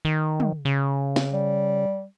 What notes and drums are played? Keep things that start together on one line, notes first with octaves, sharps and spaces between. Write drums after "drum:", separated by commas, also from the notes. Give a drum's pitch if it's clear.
D#3
drum: tom
C#3
drum: snare
G3